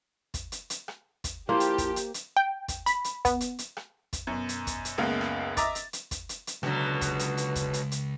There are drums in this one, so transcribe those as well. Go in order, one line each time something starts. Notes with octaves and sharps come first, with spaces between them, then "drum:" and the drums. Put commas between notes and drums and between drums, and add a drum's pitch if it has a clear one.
drum: kick, hi-hat
drum: hi-hat
drum: hi-hat
drum: rim click
drum: kick, hi-hat
F3 A#3 E4 G4 C5
drum: hi-hat
drum: kick, hi-hat
drum: hi-hat
drum: hi-hat
G5
drum: kick, hi-hat
B5, drum: hi-hat
drum: hi-hat
B3, drum: kick, hi-hat
drum: hi-hat
drum: hi-hat
drum: rim click
drum: kick, hi-hat
F#2 B2
drum: hi-hat
drum: kick, hi-hat
drum: hi-hat
F#1 C#2 G#3 A#3 B3 F5
drum: rim click
D#5 E5 A#5 D6 A6, drum: kick, hi-hat
drum: hi-hat
drum: hi-hat
drum: kick, hi-hat
drum: hi-hat
drum: hi-hat
C#2 B2 D3 F#3, drum: rim click
drum: kick, hi-hat
drum: hi-hat
drum: hi-hat
drum: kick, hi-hat
drum: hi-hat
drum: hi-hat